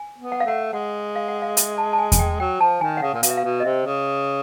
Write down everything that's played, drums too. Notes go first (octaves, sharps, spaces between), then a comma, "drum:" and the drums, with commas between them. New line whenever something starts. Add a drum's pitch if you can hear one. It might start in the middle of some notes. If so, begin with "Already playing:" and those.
Already playing: G#5
B3
F#5
F5
A3 F#5
G#3 F#5
F5
F#5
F5
E5, drum: hi-hat
A5
A5
G#5
G#5, drum: kick E2, hi-hat
G5
F#3 G5
F3 A5
D#3 G#5
F#5
C#3 F5
A#2
B2 F5, drum: hi-hat
E5
F5
B2
D#5
C3 E5
C#3